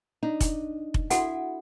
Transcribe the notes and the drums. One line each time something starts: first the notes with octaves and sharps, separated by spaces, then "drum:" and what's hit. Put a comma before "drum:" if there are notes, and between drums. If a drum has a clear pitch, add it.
D4 D#4
drum: kick F1, hi-hat
drum: kick F1
E4 F#4 A4 F#5, drum: hi-hat